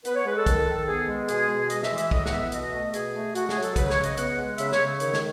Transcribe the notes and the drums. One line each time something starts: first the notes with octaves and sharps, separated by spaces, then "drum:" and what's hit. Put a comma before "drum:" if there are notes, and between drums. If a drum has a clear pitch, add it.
B3 B4, drum: hi-hat
C#5
G#3 B4
A4
D#3, drum: kick, hi-hat
D#3
B3 G#4
G#3
B2 G#4, drum: hi-hat
B2
G#3 D#5, drum: hi-hat
E5, drum: snare
E3
E5, drum: hi-hat
A2 D#5, drum: kick
F#5, drum: snare
B3 E5
B2 D#5, drum: hi-hat
A3
B2 G#4, drum: hi-hat
A3
A3 F#4, drum: hi-hat
G#4, drum: snare
F#3
A4, drum: hi-hat
C#3 B4, drum: kick, hi-hat
C#5, drum: snare
C#3
D#5, drum: hi-hat
B3 F#5, drum: hi-hat
G#3
C#3 E5, drum: hi-hat
C#5, drum: snare
C#3
D#3 C#5, drum: hi-hat
drum: snare